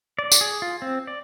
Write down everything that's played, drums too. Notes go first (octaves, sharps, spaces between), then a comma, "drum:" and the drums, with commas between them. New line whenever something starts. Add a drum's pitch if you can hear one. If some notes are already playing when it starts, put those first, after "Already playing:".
D5
drum: tambourine
G#4
F4
C4
D5